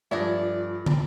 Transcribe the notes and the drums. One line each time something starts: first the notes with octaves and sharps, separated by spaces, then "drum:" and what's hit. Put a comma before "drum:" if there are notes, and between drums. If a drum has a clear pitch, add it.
G2 F3 F4 G#4 A4 D5 E5 A#6
drum: tom